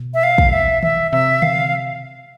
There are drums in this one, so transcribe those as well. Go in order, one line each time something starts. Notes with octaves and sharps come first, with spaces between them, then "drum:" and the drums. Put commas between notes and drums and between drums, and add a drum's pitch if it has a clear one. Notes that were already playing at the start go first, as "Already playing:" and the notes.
Already playing: B2
E5
F5
drum: kick
E5
E5, drum: tom
C3 E5
F5, drum: tom D3